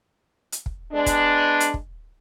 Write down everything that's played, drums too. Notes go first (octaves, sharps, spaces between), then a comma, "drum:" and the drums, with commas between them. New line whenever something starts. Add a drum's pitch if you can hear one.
drum: hi-hat
drum: kick
G#3 B3 D4
drum: kick, hi-hat
drum: hi-hat
drum: kick